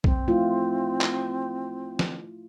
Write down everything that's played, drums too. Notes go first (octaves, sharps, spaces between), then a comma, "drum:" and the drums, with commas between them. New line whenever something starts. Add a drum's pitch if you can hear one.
C4, drum: kick B1
A3 E4 F4
drum: clap
drum: snare